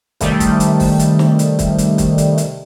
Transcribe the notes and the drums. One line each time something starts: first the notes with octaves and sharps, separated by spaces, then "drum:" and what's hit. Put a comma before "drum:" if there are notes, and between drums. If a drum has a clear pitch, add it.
C3 D#3 G3 A3, drum: kick, hi-hat
drum: kick, hi-hat
drum: hi-hat
drum: kick, open hi-hat
drum: hi-hat
drum: snare
drum: hi-hat
drum: kick, hi-hat
drum: hi-hat
drum: kick, hi-hat
drum: hi-hat
drum: hi-hat